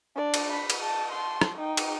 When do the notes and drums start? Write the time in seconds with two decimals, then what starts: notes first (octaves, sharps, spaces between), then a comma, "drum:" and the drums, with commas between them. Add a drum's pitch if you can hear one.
0.16 D4 D5
0.34 drum: cymbal
0.52 B5
0.70 drum: cymbal
0.81 A5
1.12 A5 C6
1.41 drum: rim click
1.58 D#4 G5
1.77 drum: cymbal